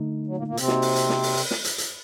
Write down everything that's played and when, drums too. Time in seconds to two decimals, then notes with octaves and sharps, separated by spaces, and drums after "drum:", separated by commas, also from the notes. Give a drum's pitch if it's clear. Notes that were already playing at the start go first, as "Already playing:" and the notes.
Already playing: D3 A3 D#4
0.27 F#3
0.37 A#2 A#3
0.47 A#2 A#3
0.57 C3 C4, drum: hi-hat
0.68 A#3 D#4 F#4 C5 D#5, drum: snare
0.82 drum: open hi-hat
0.96 drum: hi-hat
1.09 drum: snare
1.23 drum: open hi-hat
1.37 drum: open hi-hat
1.51 drum: snare
1.64 drum: hi-hat
1.78 drum: hi-hat